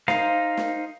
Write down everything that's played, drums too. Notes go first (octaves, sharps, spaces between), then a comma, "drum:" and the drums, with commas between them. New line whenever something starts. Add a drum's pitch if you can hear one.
D#4 C5 F5 A#5, drum: snare
drum: snare